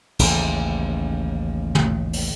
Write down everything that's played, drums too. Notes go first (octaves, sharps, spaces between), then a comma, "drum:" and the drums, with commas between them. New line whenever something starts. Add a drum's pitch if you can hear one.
A1 D#2 C#3, drum: cymbal
drum: tom
drum: open hi-hat